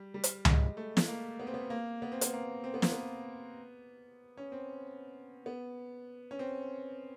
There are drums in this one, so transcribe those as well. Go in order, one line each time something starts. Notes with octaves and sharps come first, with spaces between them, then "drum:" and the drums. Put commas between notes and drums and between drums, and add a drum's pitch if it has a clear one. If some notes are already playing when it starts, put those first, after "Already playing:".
Already playing: G3
G3
drum: hi-hat
G#3, drum: tom C#2
A3
drum: snare
A#3
B3
C4
B3
A#3
B3
C4
B3, drum: hi-hat
A#3
C4
B3
A#3, drum: snare
B3
C#4
C4
B3
C#4
C4